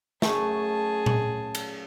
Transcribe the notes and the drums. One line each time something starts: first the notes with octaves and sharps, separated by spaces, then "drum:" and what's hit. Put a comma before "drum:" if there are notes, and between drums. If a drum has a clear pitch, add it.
F#2 A3 G#4 A5, drum: snare
drum: tom A#2
drum: cymbal